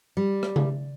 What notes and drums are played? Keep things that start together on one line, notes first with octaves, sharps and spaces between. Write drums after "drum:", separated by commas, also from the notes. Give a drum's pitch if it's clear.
G3
drum: rim click
drum: tom C#3